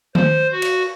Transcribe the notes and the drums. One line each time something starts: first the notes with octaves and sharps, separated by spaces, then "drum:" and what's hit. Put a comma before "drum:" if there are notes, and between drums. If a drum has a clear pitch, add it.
C5, drum: tom D#3
F#4
drum: cymbal